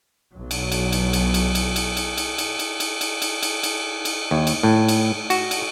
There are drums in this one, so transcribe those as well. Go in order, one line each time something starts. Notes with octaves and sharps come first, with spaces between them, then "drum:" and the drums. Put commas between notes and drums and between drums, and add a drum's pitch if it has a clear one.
B1 F#3
drum: cymbal
drum: cymbal
drum: cymbal
drum: cymbal
drum: cymbal
drum: cymbal
drum: cymbal
drum: cymbal
drum: cymbal
drum: cymbal
drum: cymbal
drum: cymbal
drum: cymbal
drum: cymbal
drum: cymbal
drum: cymbal
drum: cymbal
D#2
drum: cymbal
A2
drum: cymbal
F#4, drum: cymbal
drum: cymbal